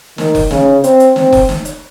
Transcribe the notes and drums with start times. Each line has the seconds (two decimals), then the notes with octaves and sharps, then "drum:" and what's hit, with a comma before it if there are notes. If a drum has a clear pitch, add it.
0.18 D#3, drum: snare
0.35 drum: kick F1, open hi-hat
0.51 C#3, drum: snare
0.84 C4, drum: hi-hat
1.00 drum: hi-hat
1.16 C4, drum: snare
1.32 drum: kick F1, open hi-hat
1.49 drum: snare
1.65 drum: hi-hat